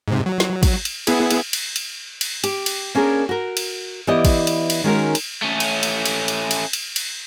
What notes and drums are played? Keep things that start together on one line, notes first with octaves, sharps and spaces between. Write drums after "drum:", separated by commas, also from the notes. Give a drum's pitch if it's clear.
G#2 C3
F#3
drum: snare
drum: kick, cymbal
drum: cymbal
B3 E4 G#4, drum: cymbal
drum: cymbal
drum: cymbal
drum: cymbal
drum: cymbal
G4, drum: cymbal
drum: cymbal
A#3 C#4 D4 G#4 A#4
F#4 A#4
drum: cymbal
E3 B3 E4 G4 D5 D#5
drum: kick, cymbal
drum: cymbal
drum: cymbal
D#3 G#3 C#4 D#4 F#4 A#4
drum: cymbal
A3 C#4
drum: cymbal
drum: cymbal
drum: cymbal
drum: cymbal
drum: cymbal
drum: cymbal
drum: cymbal